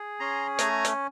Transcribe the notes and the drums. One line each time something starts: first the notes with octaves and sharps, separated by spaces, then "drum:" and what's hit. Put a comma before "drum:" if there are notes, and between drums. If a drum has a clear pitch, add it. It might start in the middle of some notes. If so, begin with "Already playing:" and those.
Already playing: G#4
C#4 A#5 C6
A3 G#5 A#5, drum: hi-hat
drum: hi-hat